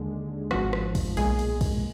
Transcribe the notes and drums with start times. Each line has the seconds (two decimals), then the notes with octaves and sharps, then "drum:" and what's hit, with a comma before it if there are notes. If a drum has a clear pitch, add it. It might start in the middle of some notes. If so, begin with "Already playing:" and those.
Already playing: D#2 D3 G#3
0.51 G#1 G#2 F3 F#4, drum: rim click
0.73 drum: rim click
0.95 drum: kick, cymbal
1.17 B1 A#2 G#3 G#4, drum: cymbal
1.39 drum: cymbal
1.61 drum: kick, cymbal